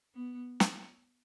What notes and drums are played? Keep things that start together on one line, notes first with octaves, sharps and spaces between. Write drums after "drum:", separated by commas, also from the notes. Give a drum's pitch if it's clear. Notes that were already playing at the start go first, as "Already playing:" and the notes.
B3
drum: snare